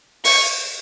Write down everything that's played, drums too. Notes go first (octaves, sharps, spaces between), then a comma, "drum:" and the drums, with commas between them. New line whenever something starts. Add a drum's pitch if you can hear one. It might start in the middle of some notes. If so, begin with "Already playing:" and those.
C#6, drum: open hi-hat